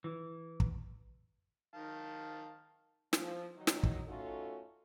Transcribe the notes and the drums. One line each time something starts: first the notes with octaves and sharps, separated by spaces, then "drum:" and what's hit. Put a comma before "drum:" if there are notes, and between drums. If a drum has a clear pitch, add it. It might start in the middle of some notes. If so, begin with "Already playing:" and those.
E3
drum: kick
D#3 F5 A5
F3, drum: snare
D#3 F#3 D#4
drum: snare
drum: kick
A3 C#4 D#4 F4 F#4 A4